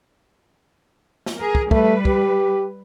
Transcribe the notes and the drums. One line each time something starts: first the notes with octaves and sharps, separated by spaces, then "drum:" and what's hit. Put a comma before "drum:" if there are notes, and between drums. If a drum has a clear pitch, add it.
drum: snare
G#4 A#4
drum: kick
G3 A3 B4, drum: kick
G4, drum: kick